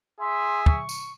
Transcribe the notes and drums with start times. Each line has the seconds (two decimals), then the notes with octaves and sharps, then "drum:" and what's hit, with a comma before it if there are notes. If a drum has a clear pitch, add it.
0.20 G#4 E5 C6
0.66 C#6, drum: kick
0.89 drum: tambourine